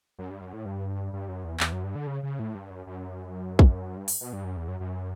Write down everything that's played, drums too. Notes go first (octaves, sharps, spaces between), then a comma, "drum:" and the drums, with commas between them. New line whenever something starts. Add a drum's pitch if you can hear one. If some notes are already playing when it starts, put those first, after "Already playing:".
F#2
G2
F#2
A2
G2
G2
F#2
E2
E2, drum: clap
F#2
G2
D3
C#3
C#3
A2
G2
F#2
F#2
drum: kick
G2
drum: open hi-hat
B2
G2
F#2
E2
F#2
F#2